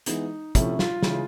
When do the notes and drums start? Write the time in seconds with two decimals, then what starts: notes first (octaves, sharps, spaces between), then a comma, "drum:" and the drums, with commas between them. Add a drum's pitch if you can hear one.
0.06 E3 G#3 B3 D#4, drum: hi-hat
0.55 C3 F3 A3 C#4 E4, drum: kick, hi-hat
0.79 F4, drum: snare
1.02 C#3 E3 G#3, drum: snare